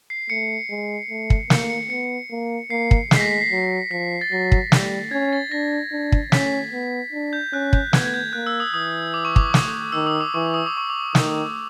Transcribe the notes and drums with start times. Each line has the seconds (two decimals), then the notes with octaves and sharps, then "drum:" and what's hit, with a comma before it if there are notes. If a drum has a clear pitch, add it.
0.10 C7
0.30 A3 C#7
0.70 G#3
1.10 A3
1.30 drum: kick
1.50 A#3 C#7, drum: snare
1.70 C#7
1.90 B3 C#7
2.30 A#3
2.70 A#3 C7
2.91 drum: kick
3.11 G#3 C7, drum: snare
3.16 B6
3.21 A#6
3.31 B6
3.41 C7
3.51 F#3
3.91 F3 B6
4.21 A6
4.32 F#3 A#6
4.52 drum: kick
4.72 G3, drum: snare
5.11 C#4 G#6
5.33 A6
5.52 D4 A#6
5.92 D4
6.12 drum: kick
6.32 C#4 B6, drum: snare
6.73 B3
7.13 D4
7.33 G6
7.53 C#4 F#6
7.73 G6, drum: kick
7.93 B3 G#6, drum: snare
8.05 G#6
8.14 G6
8.33 A#3 F#6
8.47 E6
8.60 D#6
8.73 E3 D#6
9.14 D6
9.25 C#6
9.36 D6, drum: kick
9.54 drum: snare
9.92 D#3 E6
10.07 D#6
10.21 D6
10.34 E3 C#6
10.54 D#6
10.66 D6
10.77 C#6
10.90 D6
11.15 D#3, drum: snare